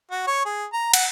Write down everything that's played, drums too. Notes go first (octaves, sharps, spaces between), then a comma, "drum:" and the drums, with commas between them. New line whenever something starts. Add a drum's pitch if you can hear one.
F#4
C#5
G#4
A#5
F#5, drum: cymbal